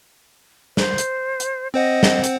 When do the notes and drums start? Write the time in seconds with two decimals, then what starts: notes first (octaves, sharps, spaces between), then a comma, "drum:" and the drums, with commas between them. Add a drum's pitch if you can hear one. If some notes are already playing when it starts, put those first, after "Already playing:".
0.77 C5, drum: snare
0.98 drum: hi-hat
1.40 drum: hi-hat
1.74 C4 C5 D#5 F#5
2.03 drum: snare
2.24 drum: hi-hat